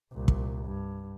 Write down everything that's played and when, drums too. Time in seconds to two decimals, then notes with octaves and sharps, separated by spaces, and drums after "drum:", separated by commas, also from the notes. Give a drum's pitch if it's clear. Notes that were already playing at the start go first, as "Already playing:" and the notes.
0.12 C2 A#2
0.28 drum: kick
0.65 G2